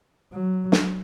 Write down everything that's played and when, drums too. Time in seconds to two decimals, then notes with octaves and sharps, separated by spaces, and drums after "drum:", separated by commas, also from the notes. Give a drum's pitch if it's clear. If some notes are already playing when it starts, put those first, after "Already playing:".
0.33 F#3
0.72 drum: snare